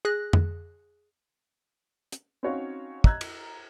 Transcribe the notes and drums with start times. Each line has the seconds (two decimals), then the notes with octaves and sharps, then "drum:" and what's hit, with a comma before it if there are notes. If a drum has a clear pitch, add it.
0.05 G#4 F#6 A#6
0.33 drum: tom F2
2.12 drum: hi-hat
2.43 C4 C#4 D#4 F#4 C#5 F5
3.04 D#5 A#5 E6 F#6 G#6, drum: kick
3.21 drum: cymbal